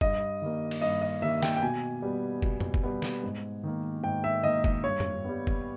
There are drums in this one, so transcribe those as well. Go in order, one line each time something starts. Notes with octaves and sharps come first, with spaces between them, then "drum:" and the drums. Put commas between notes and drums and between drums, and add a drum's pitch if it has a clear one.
G2 D#5, drum: kick
D#3 G3 A#3
drum: cymbal
G2 D#5
D#5
D#3 G3 A#3 E5
G5, drum: snare
G5
B2 G#5
G3 B3
B2, drum: kick
drum: tom F2
drum: kick
G3 B3
drum: snare
G#2
D#3 A#3
G#2 G5
E5
D#3 A#3 D#5
D#5, drum: kick
G2 C#5
drum: tom F2
G3 B3
drum: kick